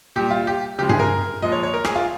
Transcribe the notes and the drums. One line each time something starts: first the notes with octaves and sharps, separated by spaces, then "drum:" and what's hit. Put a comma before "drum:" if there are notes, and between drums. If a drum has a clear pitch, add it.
A#2 G3 G4
F4
G4
C#3 F3 G#3 G4
G#4, drum: tom G2
A#4
A#2 F3 G#3 D#5
C#5
C#5
A#4
G#4, drum: rim click
F4